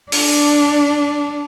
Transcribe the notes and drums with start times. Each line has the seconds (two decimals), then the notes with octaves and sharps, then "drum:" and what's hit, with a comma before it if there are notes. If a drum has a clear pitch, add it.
0.12 D4, drum: open hi-hat